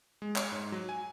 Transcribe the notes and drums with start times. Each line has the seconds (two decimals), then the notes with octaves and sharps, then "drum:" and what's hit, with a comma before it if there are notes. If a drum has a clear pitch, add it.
0.22 G#3
0.36 C#5, drum: clap
0.52 G#2
0.72 F#3
0.89 G#5